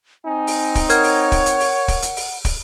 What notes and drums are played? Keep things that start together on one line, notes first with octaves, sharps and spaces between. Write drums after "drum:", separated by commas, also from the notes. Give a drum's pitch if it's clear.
C4 D#4 G#5
drum: open hi-hat
drum: kick, open hi-hat
A#4 C#5 F#5 F6 G#6, drum: hi-hat
drum: open hi-hat
drum: kick, open hi-hat
drum: hi-hat
drum: open hi-hat
drum: kick, open hi-hat
drum: hi-hat
drum: open hi-hat
drum: kick, open hi-hat